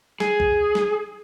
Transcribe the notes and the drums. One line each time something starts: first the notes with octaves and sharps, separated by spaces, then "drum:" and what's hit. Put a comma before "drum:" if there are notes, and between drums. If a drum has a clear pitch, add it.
G#4, drum: snare
drum: kick C2
drum: snare